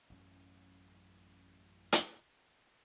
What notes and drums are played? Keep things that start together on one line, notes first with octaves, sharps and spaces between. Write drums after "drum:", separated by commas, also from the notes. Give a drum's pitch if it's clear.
A1 F#2 C#4
drum: hi-hat